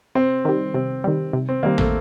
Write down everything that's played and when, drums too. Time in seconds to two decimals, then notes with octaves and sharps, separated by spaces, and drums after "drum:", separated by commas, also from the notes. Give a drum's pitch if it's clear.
0.15 C3 C4
0.45 D#3 G3
0.74 C3 C4
1.04 D#3 G3
1.33 C3
1.49 C4
1.63 D#3 G3 A#3
1.78 A3, drum: tom